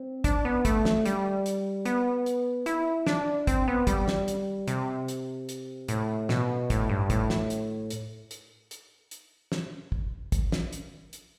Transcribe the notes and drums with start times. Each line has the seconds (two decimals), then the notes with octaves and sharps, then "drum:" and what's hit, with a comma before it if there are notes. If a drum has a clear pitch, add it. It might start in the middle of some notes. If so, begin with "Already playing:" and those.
Already playing: C4
0.24 D4, drum: kick, hi-hat
0.45 B3
0.65 A3, drum: kick, hi-hat
0.85 drum: snare
1.05 G3, drum: hi-hat
1.46 drum: hi-hat
1.85 B3, drum: hi-hat
2.26 drum: hi-hat
2.66 E4, drum: hi-hat
3.07 D4, drum: snare
3.47 C4, drum: kick, hi-hat
3.68 B3
3.87 G3, drum: kick, hi-hat
4.08 drum: snare
4.28 drum: hi-hat
4.68 C3, drum: hi-hat
5.08 drum: hi-hat
5.49 drum: hi-hat
5.88 A2, drum: hi-hat
6.29 B2, drum: snare
6.70 A2, drum: kick, hi-hat
6.89 G2
7.10 A2, drum: kick, hi-hat
7.30 drum: snare
7.50 drum: hi-hat
7.90 drum: hi-hat
8.31 drum: hi-hat
8.71 drum: hi-hat
9.11 drum: hi-hat
9.52 drum: snare
9.92 drum: kick
10.32 drum: kick, hi-hat
10.52 drum: snare
10.73 drum: hi-hat
11.13 drum: hi-hat